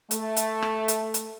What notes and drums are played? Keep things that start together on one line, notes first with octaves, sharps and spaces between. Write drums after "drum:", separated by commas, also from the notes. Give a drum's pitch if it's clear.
A3, drum: hi-hat
drum: hi-hat
drum: rim click
drum: hi-hat
drum: hi-hat